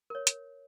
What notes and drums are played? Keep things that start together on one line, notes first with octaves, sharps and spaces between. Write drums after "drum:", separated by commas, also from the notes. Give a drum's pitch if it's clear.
A#4 C#5
drum: hi-hat